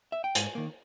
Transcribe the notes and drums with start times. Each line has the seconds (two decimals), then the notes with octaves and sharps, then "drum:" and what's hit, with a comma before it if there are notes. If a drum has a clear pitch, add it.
0.12 E5
0.24 G5
0.35 G#2 G#5, drum: hi-hat
0.55 D#3 A#3